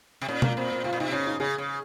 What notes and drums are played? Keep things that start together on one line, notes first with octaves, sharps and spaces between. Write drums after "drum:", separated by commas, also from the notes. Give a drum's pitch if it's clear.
C3
A#2 C#4
A#3, drum: tom B2
A#2 C4
C4
C3 F4
A#2
C3 D#4
C#3 C#4
D#4
C#3 G#4
C#3